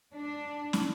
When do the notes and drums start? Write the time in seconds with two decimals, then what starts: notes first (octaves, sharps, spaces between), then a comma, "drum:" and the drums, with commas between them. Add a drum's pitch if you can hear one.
0.13 D4
0.73 drum: snare